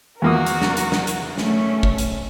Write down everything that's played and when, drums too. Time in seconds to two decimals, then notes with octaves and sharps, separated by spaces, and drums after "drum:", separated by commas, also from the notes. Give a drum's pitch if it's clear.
0.22 E2 A#3 F#4 A#4 D#6
0.46 drum: hi-hat
0.62 drum: snare
0.77 drum: hi-hat
0.92 drum: snare
1.07 drum: hi-hat
1.38 A3 C#4, drum: snare
1.83 drum: kick
1.98 drum: hi-hat